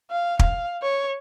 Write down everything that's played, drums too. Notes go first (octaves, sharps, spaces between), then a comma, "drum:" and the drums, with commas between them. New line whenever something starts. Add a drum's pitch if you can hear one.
F5
F5, drum: kick
C#5